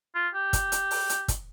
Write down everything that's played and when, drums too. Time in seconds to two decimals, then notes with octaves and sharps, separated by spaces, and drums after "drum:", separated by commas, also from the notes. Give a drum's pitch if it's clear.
0.15 F4
0.34 G4
0.53 drum: kick, hi-hat
0.72 drum: hi-hat
0.91 drum: open hi-hat
1.09 drum: hi-hat
1.28 drum: kick, hi-hat